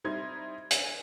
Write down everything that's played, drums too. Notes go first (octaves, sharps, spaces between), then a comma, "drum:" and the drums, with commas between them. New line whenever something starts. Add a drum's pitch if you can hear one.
G3 C4 D#4 E4 C6 G#6
G#5, drum: hi-hat